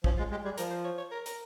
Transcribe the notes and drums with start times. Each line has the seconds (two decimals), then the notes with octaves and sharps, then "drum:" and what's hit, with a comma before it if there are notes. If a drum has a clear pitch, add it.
0.04 F3 C#4, drum: kick
0.18 G#3 F4
0.31 G#3 G4
0.45 G3 G#4
0.58 F3 A#4, drum: hi-hat
0.71 C5
0.84 C#5
0.98 C#5
1.12 A#4
1.26 A#4, drum: hi-hat